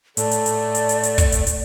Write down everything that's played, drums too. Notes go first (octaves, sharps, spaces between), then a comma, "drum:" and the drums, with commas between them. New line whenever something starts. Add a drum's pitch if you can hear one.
A2 A4 D5, drum: hi-hat
drum: hi-hat
drum: hi-hat
drum: hi-hat
drum: hi-hat
drum: hi-hat
drum: kick, hi-hat
drum: hi-hat
drum: hi-hat